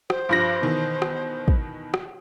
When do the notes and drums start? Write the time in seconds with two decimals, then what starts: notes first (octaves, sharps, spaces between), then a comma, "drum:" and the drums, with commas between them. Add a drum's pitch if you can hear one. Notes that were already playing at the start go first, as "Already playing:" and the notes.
0.10 C5, drum: rim click
0.29 G2 F3 A#6
0.61 B2 D#3 E3
1.02 drum: rim click
1.48 drum: kick
1.94 drum: rim click